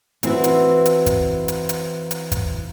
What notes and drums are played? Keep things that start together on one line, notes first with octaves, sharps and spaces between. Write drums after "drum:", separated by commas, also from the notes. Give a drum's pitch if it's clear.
E3 C4 E4 F#4 B4, drum: hi-hat
drum: hi-hat
drum: hi-hat
drum: kick, hi-hat
drum: hi-hat
drum: hi-hat
drum: hi-hat
drum: kick, hi-hat